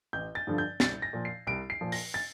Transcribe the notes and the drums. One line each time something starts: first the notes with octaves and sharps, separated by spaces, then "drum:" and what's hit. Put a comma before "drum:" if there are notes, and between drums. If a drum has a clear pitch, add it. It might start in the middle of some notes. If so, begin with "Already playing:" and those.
A1 G6
A6
G2 D3 F3
G6
C2 A6, drum: snare
A#6
A#2 F3
C7
C2 D7
C7
A#2 F3
A#6, drum: open hi-hat
A6